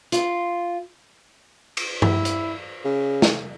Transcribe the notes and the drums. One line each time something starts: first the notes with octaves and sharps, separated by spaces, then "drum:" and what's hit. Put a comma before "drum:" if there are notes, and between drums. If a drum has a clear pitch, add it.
F4, drum: hi-hat
drum: cymbal
E4, drum: tom G2
drum: hi-hat
C#3
drum: snare